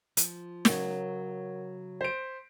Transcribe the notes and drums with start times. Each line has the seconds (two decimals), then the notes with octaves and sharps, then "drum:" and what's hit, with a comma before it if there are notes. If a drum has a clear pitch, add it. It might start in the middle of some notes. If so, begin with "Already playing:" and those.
0.17 F3, drum: hi-hat
0.65 C#3 F#3 A#4 F#5, drum: snare
2.01 C5 B6 D7